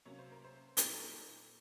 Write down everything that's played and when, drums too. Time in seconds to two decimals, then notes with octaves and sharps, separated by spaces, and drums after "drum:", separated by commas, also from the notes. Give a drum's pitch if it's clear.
0.05 C3 F#3 A#3 C#4 C#5
0.19 C5
0.32 A#4
0.44 C5
0.77 A#2 F#3 C4 D#4 A#4, drum: hi-hat
0.94 A4
1.13 A4